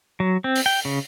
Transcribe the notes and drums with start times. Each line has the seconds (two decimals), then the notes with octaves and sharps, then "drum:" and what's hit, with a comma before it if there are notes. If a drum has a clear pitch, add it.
0.20 F#3
0.44 C4
0.55 drum: open hi-hat
0.66 G5
0.85 C#3